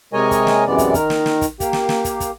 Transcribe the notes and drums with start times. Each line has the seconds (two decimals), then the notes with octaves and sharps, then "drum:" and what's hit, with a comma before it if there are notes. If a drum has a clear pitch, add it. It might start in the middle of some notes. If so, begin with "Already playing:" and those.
0.13 C3 G#3 A#4 C#5 D#5 G#5
0.31 drum: kick, hi-hat
0.47 drum: snare
0.67 F#2 C3 E3 G#3 B3 D5
0.78 drum: kick, hi-hat
0.94 D#3 A#4, drum: kick, hi-hat
1.10 drum: snare
1.26 drum: snare
1.41 drum: kick, hi-hat
1.60 A#3 G4, drum: kick, hi-hat
1.73 drum: snare
1.89 drum: snare
2.05 drum: kick, hi-hat
2.20 drum: kick, hi-hat